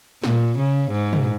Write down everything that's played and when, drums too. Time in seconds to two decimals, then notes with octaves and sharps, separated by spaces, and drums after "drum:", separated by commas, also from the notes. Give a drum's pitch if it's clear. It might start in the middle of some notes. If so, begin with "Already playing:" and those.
0.24 A#2, drum: snare
0.58 C#3
0.91 G#2
1.13 drum: tom